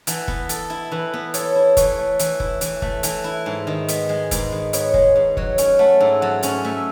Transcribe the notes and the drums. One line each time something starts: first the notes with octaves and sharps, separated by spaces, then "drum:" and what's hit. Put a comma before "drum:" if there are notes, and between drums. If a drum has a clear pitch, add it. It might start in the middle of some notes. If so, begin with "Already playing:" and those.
E3 F#5 A5, drum: hi-hat
B3, drum: kick F#1
A4, drum: hi-hat
E4
E3 B4
B3
A4 C#5, drum: hi-hat
E4
E3 C#5, drum: kick F#1, hi-hat
A3
E3, drum: hi-hat
E4, drum: kick F#1
E3, drum: hi-hat
A3, drum: kick F#1
E3, drum: hi-hat
E4
G#2
D#3
B3, drum: hi-hat
G#3
G#2 B4, drum: kick F#1, hi-hat
D#3
B3 C#5, drum: hi-hat
G#3, drum: kick F#1
G#2
F#3 C#5, drum: kick F#1
C#4 C#5, drum: hi-hat
A3 F#5 A5
G#2 E5 G#5
F#3 F#5 A5
C#4 F#5 A5, drum: hi-hat
A3 E5 G#5